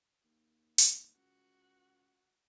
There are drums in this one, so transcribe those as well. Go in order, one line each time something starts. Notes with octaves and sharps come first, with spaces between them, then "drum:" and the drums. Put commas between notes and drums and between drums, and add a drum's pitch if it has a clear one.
D#2
drum: hi-hat
C#2 F#4